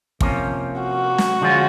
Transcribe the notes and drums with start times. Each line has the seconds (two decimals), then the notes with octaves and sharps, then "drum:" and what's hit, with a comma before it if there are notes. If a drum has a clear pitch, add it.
0.21 C3 F3 A#3 C#4, drum: kick
0.81 F#4
1.18 drum: snare
1.41 D3 F3 G#3 C#4 F4